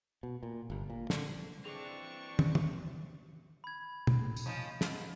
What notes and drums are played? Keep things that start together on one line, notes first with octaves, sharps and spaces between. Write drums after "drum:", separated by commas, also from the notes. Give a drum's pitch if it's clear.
B2
A#2
G1
A#2
D3, drum: snare
E3 C4 D4 G#4 C#6 F7
drum: tom
drum: tom
B5 G#6
drum: tom
drum: tambourine
F3 C#4 D#4
G#2 F3, drum: snare